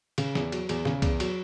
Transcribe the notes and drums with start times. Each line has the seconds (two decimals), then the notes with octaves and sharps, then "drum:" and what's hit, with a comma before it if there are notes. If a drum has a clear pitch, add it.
0.18 C#3, drum: cymbal
0.35 E2, drum: snare
0.52 F#3, drum: cymbal
0.69 E2, drum: cymbal
0.85 C#3, drum: snare
1.02 E2, drum: kick C2, cymbal
1.20 F#3, drum: cymbal